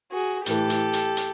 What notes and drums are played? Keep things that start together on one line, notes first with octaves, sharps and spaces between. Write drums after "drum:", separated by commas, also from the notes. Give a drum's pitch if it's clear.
F#4 G#4
A2 E3 G4 A4, drum: hi-hat
drum: hi-hat
drum: hi-hat
drum: hi-hat